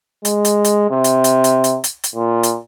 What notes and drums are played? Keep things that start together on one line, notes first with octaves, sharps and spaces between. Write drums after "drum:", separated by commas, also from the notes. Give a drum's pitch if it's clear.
G#3, drum: hi-hat
drum: hi-hat
drum: hi-hat
C3
drum: hi-hat
drum: hi-hat
drum: hi-hat
drum: hi-hat
drum: hi-hat
drum: hi-hat
A#2
drum: hi-hat